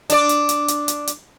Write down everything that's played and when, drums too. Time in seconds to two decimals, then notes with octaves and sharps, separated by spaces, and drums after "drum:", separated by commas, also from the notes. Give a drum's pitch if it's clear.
0.10 D4 D5, drum: hi-hat
0.29 drum: hi-hat
0.49 drum: hi-hat
0.68 drum: hi-hat
0.88 drum: hi-hat
1.07 drum: hi-hat